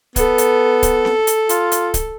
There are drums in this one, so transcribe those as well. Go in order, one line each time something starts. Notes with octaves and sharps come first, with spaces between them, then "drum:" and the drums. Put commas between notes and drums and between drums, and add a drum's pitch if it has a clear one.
B3 A4, drum: kick C#1, hi-hat
drum: hi-hat
drum: kick C#1, hi-hat
drum: snare C4
drum: hi-hat
F4, drum: hi-hat
drum: hi-hat
drum: kick C#1, hi-hat